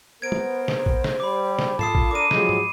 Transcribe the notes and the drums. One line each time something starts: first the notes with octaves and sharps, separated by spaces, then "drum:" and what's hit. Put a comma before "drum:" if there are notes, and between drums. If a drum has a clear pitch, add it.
B3 A#4 C5 G#6 D7
drum: tom
drum: snare
drum: kick
drum: snare
G3 B5 D6
drum: snare
F4 A4 A5 D#6 C7 E7, drum: tom G#2
drum: kick
D4 A#4 D6 D#7
F3 F#3 G#3, drum: snare
drum: tom G#2